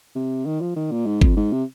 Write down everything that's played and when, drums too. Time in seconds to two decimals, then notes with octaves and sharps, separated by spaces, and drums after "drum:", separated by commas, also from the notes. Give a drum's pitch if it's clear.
0.15 C3
0.46 D#3
0.61 F3
0.76 D#3
0.91 A#2
1.06 G#2
1.21 F2, drum: kick G1
1.37 G#2
1.52 C3